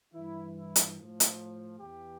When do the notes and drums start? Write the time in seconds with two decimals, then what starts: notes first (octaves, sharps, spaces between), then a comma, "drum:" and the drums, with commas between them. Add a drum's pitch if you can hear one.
0.14 G2 E3 E4
0.57 E4
0.76 drum: hi-hat
0.97 A2 F3
1.20 drum: hi-hat
1.80 E2 E3 G4